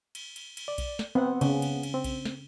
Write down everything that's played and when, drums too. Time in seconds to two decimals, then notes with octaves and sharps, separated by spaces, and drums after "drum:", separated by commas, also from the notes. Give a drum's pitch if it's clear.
0.15 drum: cymbal
0.36 drum: cymbal
0.57 drum: cymbal
0.68 D5
0.78 drum: kick B1, cymbal
0.99 drum: snare
1.15 B3 C4 F#5
1.41 C#3, drum: cymbal
1.62 drum: cymbal
1.83 drum: cymbal
1.94 C4
2.04 drum: kick B1, cymbal
2.25 drum: snare